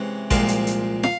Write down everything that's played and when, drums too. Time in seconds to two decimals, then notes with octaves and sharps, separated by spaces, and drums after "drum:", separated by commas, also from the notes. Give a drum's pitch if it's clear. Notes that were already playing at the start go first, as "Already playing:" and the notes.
Already playing: C3 E3 G#3 C#4
0.31 C2 A#2 F3 G#3 C4, drum: kick A1, hi-hat
0.48 drum: hi-hat
0.67 drum: hi-hat
1.04 F5, drum: snare